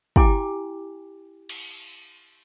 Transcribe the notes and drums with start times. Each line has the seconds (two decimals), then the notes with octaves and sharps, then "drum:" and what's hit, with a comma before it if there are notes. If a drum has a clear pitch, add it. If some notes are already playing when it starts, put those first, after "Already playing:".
0.16 E4 G4 G5 G#5 D6, drum: kick
1.49 drum: cymbal